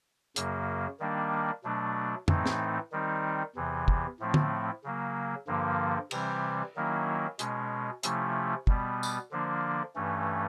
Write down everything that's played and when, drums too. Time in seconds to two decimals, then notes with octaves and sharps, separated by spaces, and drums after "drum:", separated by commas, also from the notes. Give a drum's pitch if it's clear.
0.36 F#2 C#3 F#3 A#3, drum: hi-hat
1.00 D#3 G3 A#3 D4
1.64 B2 F#3 A3 D4
2.28 A2 E3 A3 C4 D#4, drum: tom
2.46 drum: snare
2.92 D#3 G3 C4 D#4
3.55 E2 C3 E3
3.88 drum: kick
4.19 A2 F3 A3 C4 E4
4.34 drum: tom
4.84 C#3 F#3 A#3
5.47 G2 D3 F3 A#3
6.11 C3 E3 G3 C4, drum: cymbal
6.76 D#3 F#3 A#3 C#4 E4
7.39 B2 G#3 C#4, drum: hi-hat
8.03 C3 F3 A3 C#4 E4, drum: hi-hat
8.67 B2 G3 B3, drum: kick
9.03 drum: tambourine
9.31 D3 F3 A#3 D4
9.95 G2 E3 A3 C#4